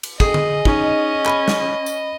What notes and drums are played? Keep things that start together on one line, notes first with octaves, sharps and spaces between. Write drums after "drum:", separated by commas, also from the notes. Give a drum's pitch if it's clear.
drum: cymbal
G#4 D#5, drum: kick
drum: tom D3
C#4 D#4, drum: kick
B5, drum: clap
drum: snare
drum: tambourine